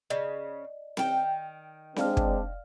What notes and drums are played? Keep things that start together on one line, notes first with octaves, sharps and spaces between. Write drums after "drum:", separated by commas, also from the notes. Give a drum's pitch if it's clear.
C#3 D5 D#5
D#3 G5, drum: snare C4
G#3 C4 D4 D5 F5 F6, drum: snare C4
drum: kick